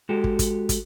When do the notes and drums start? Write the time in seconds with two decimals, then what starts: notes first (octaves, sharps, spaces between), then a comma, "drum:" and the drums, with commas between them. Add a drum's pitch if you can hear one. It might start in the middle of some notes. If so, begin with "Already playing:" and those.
0.09 G#3 F#4 G4 A4
0.24 drum: kick
0.39 drum: kick, hi-hat
0.69 drum: kick, hi-hat